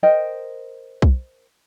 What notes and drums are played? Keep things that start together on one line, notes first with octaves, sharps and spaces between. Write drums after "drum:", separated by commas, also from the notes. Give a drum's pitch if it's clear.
A#4 C5 D#5 G5
drum: kick B1